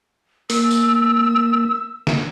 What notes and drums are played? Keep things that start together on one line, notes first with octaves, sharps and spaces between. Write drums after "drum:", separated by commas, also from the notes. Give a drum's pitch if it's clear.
A#3 E6, drum: open hi-hat
drum: tambourine
drum: snare